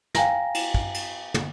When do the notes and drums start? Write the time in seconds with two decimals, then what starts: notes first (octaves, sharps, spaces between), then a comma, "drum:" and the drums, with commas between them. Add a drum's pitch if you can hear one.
0.15 F5 G5 G#5 A#5 A#6, drum: snare
0.54 drum: cymbal
0.74 drum: kick
0.94 drum: cymbal
1.34 drum: tom